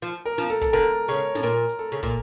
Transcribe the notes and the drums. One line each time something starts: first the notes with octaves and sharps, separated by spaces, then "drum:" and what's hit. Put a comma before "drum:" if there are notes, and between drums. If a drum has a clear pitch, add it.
F3
A#4
F3, drum: snare
A4
A4, drum: kick
D3 A#4
C#3 C#5
A2, drum: snare
A#2 A#4
drum: hi-hat
A4
C#3
A#2, drum: kick